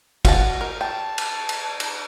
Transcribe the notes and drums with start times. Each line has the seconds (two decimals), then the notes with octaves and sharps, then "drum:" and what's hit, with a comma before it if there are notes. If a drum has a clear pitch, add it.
0.25 F#4 D#5 F5 A5, drum: kick, cymbal
0.61 A#4
0.81 G5 A5
1.18 drum: cymbal
1.49 drum: cymbal
1.80 drum: cymbal